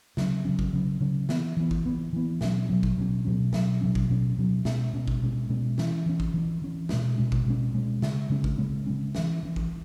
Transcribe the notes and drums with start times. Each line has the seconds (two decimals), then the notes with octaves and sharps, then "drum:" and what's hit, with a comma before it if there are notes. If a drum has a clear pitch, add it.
0.17 C#3 F#3 C#4, drum: snare
0.45 C#3 F#3 C#4
0.59 drum: kick A1
0.73 C#3 F#3 C#4
1.01 C#3 F#3 C#4
1.29 E3 B3, drum: snare
1.57 E3 B3
1.71 drum: kick A1
1.86 E3 B3
2.13 E3 B3
2.41 B2 F#3 C#4, drum: snare
2.69 B2 F#3 C#4
2.83 drum: kick A1
2.97 B2 F#3 C#4
3.25 B2 F#3 C#4
3.53 B2 F#3 C#4, drum: snare
3.81 B2 F#3 C#4
3.95 drum: kick A1
4.09 B2 F#3 C#4
4.38 B2 F#3 C#4
4.65 B2 G#3 C#4, drum: snare
4.93 B2 G#3 C#4
5.08 drum: kick A1
5.22 B2 G#3 C#4
5.49 B2 G#3 C#4
5.78 E3 C#4, drum: snare
6.06 E3 C#4
6.20 drum: kick A1
6.34 E3 C#4
6.62 E3 C#4
6.89 B2 G#3 C#4, drum: snare
7.18 B2 G#3 C#4
7.32 drum: kick A1
7.46 B2 G#3 C#4
7.74 B2 G#3 C#4
8.02 C#3 G#3 C#4, drum: snare
8.30 C#3 G#3 C#4
8.44 drum: kick A1
8.58 C#3 G#3 C#4
8.86 C#3 G#3 C#4
9.15 E3 C#4, drum: snare
9.43 E3 C#4
9.56 drum: kick A1